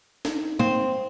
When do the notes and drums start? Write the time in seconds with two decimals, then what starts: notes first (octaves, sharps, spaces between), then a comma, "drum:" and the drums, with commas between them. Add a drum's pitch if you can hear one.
0.25 D#4, drum: snare
0.59 A#3 C4